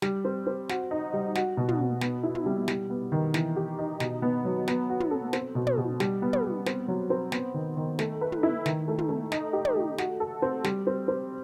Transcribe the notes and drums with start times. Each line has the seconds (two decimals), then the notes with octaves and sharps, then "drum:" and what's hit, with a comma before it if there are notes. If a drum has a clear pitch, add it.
0.02 G3, drum: snare
0.25 C4
0.47 C4
0.69 F#4, drum: snare
0.91 D#4
1.13 G3
1.35 F#4, drum: snare
1.57 B2
1.69 drum: tom
1.79 B2
2.01 B3, drum: snare
2.23 E4
2.35 drum: tom
2.46 G3
2.68 G3, drum: snare
2.90 B3
3.12 D#3
3.34 E3, drum: snare
3.56 G4
3.79 D#4
4.00 B2, drum: snare
4.22 B3
4.45 F#3
4.68 B3, drum: snare
4.89 F#4
5.00 drum: tom
5.11 A4
5.33 C4, drum: snare
5.55 B2
5.67 drum: tom
5.77 B2
6.00 G3, drum: snare
6.22 B3
6.33 drum: tom
6.44 G3
6.66 C4, drum: snare
6.88 F#3
7.10 C4
7.32 B3, drum: snare
7.54 D#3
7.77 D#3
7.99 A3, drum: snare
8.21 B4
8.32 drum: tom
8.43 E4
8.66 D#3, drum: snare
8.88 A3
8.98 drum: tom
9.09 A3
9.32 D#4, drum: snare
9.53 G4
9.65 drum: tom
9.75 A3
9.98 F#4, drum: snare
10.20 A4
10.42 C4
10.64 G3, drum: snare
10.87 C4
11.08 C4